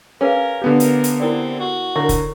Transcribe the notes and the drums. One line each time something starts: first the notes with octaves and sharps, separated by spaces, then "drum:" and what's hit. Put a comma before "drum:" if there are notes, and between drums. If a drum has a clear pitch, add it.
C#4 G#4 A#4 B4 F5
D3 B3 G4
A#4, drum: hi-hat
drum: hi-hat
C4 E4 A#4 D5
F#4
D3 E4 A#4 C#5 C#6
drum: kick, hi-hat